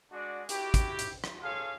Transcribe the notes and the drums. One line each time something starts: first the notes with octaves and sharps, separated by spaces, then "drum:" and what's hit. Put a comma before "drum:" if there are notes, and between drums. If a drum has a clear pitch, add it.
G#3 D4 F#4 D5 F#5
E4 F#4 G4, drum: hi-hat
drum: kick, hi-hat
drum: hi-hat
drum: rim click
G#4 A4 C#5 F5